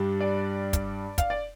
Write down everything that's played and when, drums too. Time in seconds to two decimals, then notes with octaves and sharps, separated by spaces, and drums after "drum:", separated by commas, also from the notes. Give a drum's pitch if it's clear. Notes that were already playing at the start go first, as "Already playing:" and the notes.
Already playing: G2 G3 D4
0.20 D5
0.73 drum: kick, hi-hat
1.18 F5, drum: kick, hi-hat
1.30 D5